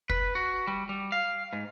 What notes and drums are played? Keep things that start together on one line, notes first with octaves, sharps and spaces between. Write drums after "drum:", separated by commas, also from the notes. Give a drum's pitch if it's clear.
B4, drum: kick
F#4
G3
G3
F5
G#2